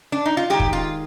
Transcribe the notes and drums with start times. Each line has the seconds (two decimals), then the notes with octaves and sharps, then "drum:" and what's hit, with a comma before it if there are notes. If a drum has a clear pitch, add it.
0.12 D4
0.26 D#4
0.37 F4
0.50 D#3 G#3 G4
0.60 drum: kick
0.73 F4